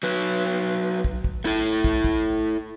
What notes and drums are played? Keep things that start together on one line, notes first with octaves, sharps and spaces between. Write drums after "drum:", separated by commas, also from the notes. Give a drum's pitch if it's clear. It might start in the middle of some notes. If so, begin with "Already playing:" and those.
F#3 B4
drum: kick
drum: kick
A3 E4 A4
drum: kick
drum: kick